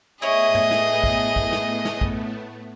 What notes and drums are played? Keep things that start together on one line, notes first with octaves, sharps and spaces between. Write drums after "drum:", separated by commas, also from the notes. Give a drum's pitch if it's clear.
A2 A3 B3 E4 G#4 C#5 D#5
drum: tom
drum: snare
drum: kick A#1
drum: kick A#1
drum: snare
drum: snare
drum: kick A#1